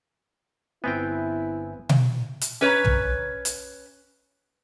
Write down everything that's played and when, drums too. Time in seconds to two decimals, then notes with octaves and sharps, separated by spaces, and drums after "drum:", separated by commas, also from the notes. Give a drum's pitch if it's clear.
0.84 G1 B3 C4 E4 E5 G5 G#5
1.89 drum: tom B2
2.41 drum: hi-hat
2.61 C#4 B4 C#5 A#5
2.85 drum: tom
3.45 drum: hi-hat